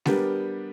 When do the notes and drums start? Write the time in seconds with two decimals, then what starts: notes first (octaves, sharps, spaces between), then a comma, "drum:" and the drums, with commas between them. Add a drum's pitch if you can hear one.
0.06 G3 B3 D4 G4 A#4, drum: snare